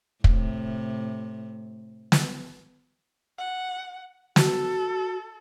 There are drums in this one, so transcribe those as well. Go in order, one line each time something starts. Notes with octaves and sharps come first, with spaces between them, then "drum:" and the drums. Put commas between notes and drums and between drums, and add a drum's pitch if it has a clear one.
A2 C3, drum: kick
drum: snare
F#5
F#4 A4, drum: snare